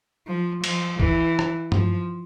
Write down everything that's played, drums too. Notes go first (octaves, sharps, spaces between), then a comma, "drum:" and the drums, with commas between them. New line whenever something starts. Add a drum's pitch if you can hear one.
F3
F3, drum: cymbal
E3, drum: kick
drum: rim click
F3, drum: tom G2